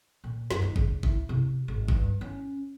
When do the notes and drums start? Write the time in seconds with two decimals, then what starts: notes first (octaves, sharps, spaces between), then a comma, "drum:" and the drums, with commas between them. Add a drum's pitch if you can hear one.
0.24 A#2
0.50 F#1, drum: snare
0.62 D#4
0.76 C#3, drum: kick G#1
1.03 E4, drum: kick G#1
1.29 C3
1.68 G#1
1.88 G2, drum: kick G#1
2.21 C#4